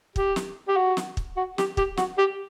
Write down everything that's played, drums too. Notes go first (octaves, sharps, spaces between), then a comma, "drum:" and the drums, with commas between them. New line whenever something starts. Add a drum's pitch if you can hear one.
G4, drum: kick
drum: snare
G4
F#4
drum: snare
drum: kick
F#4
G4, drum: snare
G4, drum: kick
F#4, drum: snare
G4